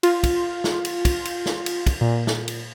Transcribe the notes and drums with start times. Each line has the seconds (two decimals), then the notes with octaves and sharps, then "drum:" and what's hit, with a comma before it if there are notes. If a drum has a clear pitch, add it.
0.03 F4, drum: cymbal
0.24 drum: kick, cymbal
0.64 drum: snare
0.85 drum: cymbal
1.05 drum: kick, cymbal
1.25 drum: cymbal
1.46 drum: snare
1.66 drum: cymbal
1.86 drum: kick, cymbal
2.01 A#2
2.27 drum: snare
2.48 drum: cymbal